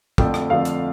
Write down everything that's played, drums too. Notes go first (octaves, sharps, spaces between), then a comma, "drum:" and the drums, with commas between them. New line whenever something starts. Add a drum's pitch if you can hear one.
F2 D3 F3 A3 G5, drum: kick
drum: rim click
F2 D3 F3 A3 F5
drum: hi-hat